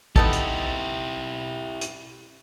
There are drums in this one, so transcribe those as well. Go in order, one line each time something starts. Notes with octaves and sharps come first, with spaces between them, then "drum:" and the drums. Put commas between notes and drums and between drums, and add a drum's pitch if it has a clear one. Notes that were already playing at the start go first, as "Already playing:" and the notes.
B3 D#4 E4 G4 A4, drum: kick
drum: hi-hat
drum: hi-hat